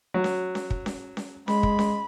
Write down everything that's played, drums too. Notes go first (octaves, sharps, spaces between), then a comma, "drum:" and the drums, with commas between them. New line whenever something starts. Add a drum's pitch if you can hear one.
F#3
drum: snare C#4
drum: snare C#4
drum: kick
drum: snare C#4
drum: snare C#4
G#3 B5, drum: snare C#4
drum: kick
drum: snare C#4